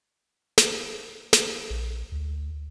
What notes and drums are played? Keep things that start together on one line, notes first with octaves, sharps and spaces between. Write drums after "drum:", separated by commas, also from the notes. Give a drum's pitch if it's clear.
drum: snare
drum: snare
A#1
D2